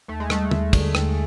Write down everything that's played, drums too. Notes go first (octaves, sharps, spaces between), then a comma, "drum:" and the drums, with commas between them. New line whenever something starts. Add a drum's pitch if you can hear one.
D#2 A3
G#3
G3 A3, drum: rim click
D#2, drum: tom
D3, drum: kick, cymbal
D#2, drum: rim click